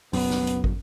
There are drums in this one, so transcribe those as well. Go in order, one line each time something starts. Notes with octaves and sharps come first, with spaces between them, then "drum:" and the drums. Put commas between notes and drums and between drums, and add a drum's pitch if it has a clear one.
F#1 B1 F#2 B3, drum: open hi-hat
drum: snare
drum: hi-hat
drum: kick